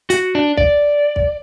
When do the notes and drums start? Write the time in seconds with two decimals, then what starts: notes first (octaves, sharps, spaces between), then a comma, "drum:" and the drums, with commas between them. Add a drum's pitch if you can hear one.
0.10 F#4, drum: hi-hat
0.35 D4
0.58 D5, drum: kick
1.16 drum: kick